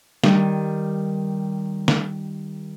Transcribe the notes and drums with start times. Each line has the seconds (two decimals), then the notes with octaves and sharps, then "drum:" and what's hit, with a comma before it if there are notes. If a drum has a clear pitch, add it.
0.24 D#3 G3, drum: snare
1.88 drum: snare